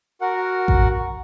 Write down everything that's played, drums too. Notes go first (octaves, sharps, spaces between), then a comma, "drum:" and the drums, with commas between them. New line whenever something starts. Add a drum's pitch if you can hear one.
F#4 A#4 F#5
drum: kick A1